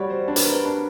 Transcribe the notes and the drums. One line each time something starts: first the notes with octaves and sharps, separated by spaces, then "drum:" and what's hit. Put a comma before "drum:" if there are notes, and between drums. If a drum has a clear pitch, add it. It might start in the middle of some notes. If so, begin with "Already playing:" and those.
Already playing: G3 F#4 C#5 D5
C5
D4 C5
B4, drum: hi-hat
A#4
B4
D4